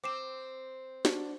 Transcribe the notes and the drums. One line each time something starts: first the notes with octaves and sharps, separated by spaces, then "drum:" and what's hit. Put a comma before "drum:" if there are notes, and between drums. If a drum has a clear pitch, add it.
C4 D6 C7 E7
D4 F#4, drum: snare